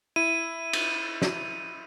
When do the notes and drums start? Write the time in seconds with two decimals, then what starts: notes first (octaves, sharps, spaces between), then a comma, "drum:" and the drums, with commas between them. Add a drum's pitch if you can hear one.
0.16 E4 D#7
0.73 drum: cymbal
1.22 drum: snare